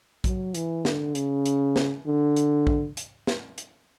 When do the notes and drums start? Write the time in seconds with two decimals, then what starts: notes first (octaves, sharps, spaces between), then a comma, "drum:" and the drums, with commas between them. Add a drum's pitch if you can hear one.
0.24 F#3, drum: kick, hi-hat
0.54 E3, drum: hi-hat
0.85 D3, drum: snare
1.15 C#3, drum: hi-hat
1.45 drum: hi-hat
1.76 drum: snare
2.07 D3
2.36 drum: hi-hat
2.67 drum: kick
2.97 drum: hi-hat
3.27 drum: snare
3.58 drum: hi-hat